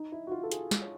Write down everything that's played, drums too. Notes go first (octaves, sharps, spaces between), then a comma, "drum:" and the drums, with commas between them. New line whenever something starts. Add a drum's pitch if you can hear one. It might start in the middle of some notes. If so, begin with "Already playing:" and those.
Already playing: D#4
E4
F#4
F4
A4
G#4, drum: hi-hat
drum: snare
C#5